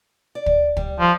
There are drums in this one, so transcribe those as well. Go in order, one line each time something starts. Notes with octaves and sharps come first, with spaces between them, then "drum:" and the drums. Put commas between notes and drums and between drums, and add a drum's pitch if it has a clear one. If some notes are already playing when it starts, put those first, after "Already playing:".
D5
drum: kick
G3, drum: kick
F3